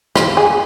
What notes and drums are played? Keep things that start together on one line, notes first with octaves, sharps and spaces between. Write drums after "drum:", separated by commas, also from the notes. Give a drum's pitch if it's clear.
F4, drum: rim click
G#4